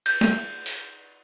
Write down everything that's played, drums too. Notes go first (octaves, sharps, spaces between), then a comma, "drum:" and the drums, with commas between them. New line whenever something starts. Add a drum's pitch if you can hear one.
G6, drum: cymbal
drum: snare
drum: open hi-hat